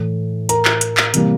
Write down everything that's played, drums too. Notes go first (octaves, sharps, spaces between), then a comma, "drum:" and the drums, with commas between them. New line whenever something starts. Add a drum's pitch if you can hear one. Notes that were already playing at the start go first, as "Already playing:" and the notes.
Already playing: A2 E3 A3
A#4 A#5, drum: hi-hat
drum: clap
drum: hi-hat
drum: clap
C3 E3 G3 A#3, drum: hi-hat